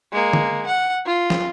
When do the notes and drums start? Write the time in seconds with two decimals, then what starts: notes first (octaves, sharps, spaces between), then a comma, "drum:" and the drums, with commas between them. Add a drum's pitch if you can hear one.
0.13 G#3 A#3
0.33 drum: tom D3
0.66 F#5
1.06 F4
1.30 drum: snare